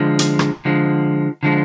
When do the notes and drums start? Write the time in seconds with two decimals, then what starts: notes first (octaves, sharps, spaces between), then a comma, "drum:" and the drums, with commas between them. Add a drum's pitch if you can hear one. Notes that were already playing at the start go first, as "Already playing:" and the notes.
Already playing: D3 F3 G#3
0.19 drum: hi-hat
0.39 drum: rim click
0.65 D3 F3 G#3
1.43 D3 F3 G#3